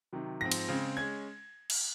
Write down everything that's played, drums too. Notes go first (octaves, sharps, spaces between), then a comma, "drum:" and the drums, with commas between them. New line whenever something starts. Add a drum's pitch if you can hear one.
C3 D#3 F#3
G#2 F3 C4 A#6
drum: cymbal
C#3 G#3 C4
G#3 C#4 G#6
drum: cymbal